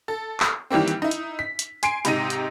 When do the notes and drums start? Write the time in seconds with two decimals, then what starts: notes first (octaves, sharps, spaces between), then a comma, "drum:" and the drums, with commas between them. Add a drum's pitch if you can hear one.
0.08 A4
0.40 drum: clap
0.70 D#3 E3 G3 A#3 C4
0.88 drum: hi-hat
1.02 D#4 E4
1.11 drum: hi-hat
1.39 B6
1.59 drum: hi-hat
1.83 G#5 C6 C7 D7, drum: hi-hat
2.05 G#2 C3 D#4 A#6 D#7, drum: hi-hat
2.30 drum: hi-hat